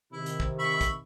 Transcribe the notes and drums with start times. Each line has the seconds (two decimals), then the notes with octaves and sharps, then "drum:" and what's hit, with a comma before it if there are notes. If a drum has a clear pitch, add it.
0.12 C3 D#3 E4
0.26 drum: hi-hat
0.40 drum: kick
0.59 E5 B5 C#6
0.81 drum: kick, hi-hat